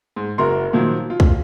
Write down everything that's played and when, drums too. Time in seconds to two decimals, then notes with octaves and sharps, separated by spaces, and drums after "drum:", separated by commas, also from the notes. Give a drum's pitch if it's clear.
0.16 G#2
0.38 F#1 F#4 A#4 E5 C6
0.73 A#2 D#3 F3 F#3
1.10 F4
1.20 drum: kick C2